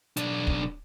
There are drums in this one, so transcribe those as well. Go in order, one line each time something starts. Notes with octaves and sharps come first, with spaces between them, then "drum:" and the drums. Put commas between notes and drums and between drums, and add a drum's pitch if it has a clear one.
B1 D4, drum: hi-hat
drum: kick